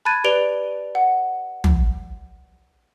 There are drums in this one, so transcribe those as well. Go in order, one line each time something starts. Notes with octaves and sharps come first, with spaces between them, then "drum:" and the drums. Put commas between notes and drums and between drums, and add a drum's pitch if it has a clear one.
A5 B5 F#6 G#6 A6 D#7
G4 B4 D5 D7 F7 G7
F#5
drum: tom